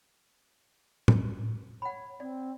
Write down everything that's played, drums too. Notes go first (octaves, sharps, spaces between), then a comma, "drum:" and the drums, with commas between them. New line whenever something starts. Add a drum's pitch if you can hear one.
drum: tom
C#5 F#5 B5
C4 D5